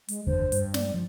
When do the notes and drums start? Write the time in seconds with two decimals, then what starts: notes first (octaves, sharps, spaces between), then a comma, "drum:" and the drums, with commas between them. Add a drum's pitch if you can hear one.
0.08 G#3, drum: hi-hat
0.27 F#1 E2 D3 C5
0.52 G2, drum: hi-hat
0.74 D5, drum: snare
0.94 F3